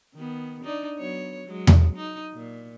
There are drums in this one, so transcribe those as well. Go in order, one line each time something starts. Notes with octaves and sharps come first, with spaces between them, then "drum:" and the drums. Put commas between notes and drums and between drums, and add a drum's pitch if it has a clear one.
D#3 B3
D4 D#4 D5
F#3 B3 C#5
F#3 G#3
drum: tom E2
D#4
A#2